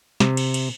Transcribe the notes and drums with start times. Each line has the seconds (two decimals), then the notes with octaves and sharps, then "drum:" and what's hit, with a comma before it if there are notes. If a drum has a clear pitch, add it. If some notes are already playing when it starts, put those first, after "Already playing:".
0.20 C3, drum: snare
0.37 drum: cymbal
0.54 drum: cymbal